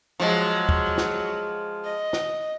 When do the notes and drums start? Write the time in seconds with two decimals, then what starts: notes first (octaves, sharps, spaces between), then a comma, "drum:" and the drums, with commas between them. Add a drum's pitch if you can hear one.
0.20 F3 F#3 G#3
0.69 drum: kick
0.98 drum: snare
1.84 D#5
2.13 drum: snare